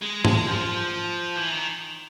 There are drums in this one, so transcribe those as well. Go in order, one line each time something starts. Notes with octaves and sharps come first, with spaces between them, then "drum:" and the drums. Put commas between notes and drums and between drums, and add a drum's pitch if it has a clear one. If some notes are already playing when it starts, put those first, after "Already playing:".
G#3
G#3, drum: tom G#2
F3
E3
D#3